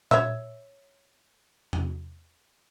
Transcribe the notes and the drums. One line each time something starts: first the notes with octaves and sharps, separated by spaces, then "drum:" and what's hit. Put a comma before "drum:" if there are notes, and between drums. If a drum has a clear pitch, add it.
C#5 E5, drum: tom A#2
drum: tom